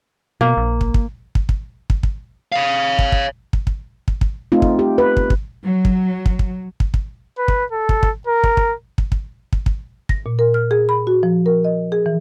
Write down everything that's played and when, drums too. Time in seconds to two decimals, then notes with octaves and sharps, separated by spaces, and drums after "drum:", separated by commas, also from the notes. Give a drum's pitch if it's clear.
0.41 B2 A#3
0.57 A#1
0.81 drum: kick
0.94 drum: kick
1.35 drum: kick
1.49 drum: kick
1.90 drum: kick
2.03 drum: kick
2.52 C#5 F5
2.99 drum: kick
3.12 drum: kick
3.53 drum: kick
3.67 drum: kick
4.08 drum: kick
4.21 drum: kick
4.52 A3 C4 D#4 F4
4.62 drum: kick
4.79 G4
4.98 B4
5.17 drum: kick
5.30 drum: kick
5.64 F#3
5.85 drum: kick
6.26 drum: kick
6.39 drum: kick
6.80 drum: kick
6.94 drum: kick
7.38 B4
7.48 drum: kick
7.72 A4
7.89 drum: kick
8.03 drum: kick
8.27 A#4
8.44 drum: kick
8.57 drum: kick
8.98 drum: kick
9.12 drum: kick
9.53 drum: kick
9.66 drum: kick
10.09 A#6, drum: kick
10.26 A#2
10.39 A#4
10.54 F6
10.71 G#4
10.89 B5
11.07 F#4
11.23 F3
11.46 A#4
11.65 D#5
11.92 G#4
12.06 E3